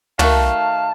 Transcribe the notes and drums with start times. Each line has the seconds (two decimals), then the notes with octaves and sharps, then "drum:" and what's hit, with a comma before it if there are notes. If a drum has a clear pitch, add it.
0.19 D#3 A3 F#4 F5 A5, drum: tom